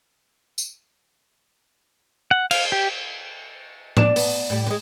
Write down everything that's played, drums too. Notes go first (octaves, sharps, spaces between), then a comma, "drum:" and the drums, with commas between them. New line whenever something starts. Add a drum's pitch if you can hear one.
drum: tambourine
F#5
F5, drum: cymbal
G4
E3 D4 D5 E7, drum: tom A2
B3, drum: open hi-hat
A2 G3
D3 G#3